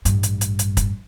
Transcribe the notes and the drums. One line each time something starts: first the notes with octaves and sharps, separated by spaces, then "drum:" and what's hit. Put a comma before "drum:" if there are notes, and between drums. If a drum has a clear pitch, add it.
A1 G2, drum: hi-hat
drum: hi-hat
drum: hi-hat
drum: hi-hat
drum: kick, hi-hat